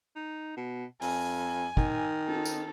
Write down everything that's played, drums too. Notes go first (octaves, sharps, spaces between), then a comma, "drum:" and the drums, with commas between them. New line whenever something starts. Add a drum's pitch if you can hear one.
D#4
B2
F2 G#5, drum: open hi-hat
D#3, drum: kick
A4, drum: cymbal
drum: tambourine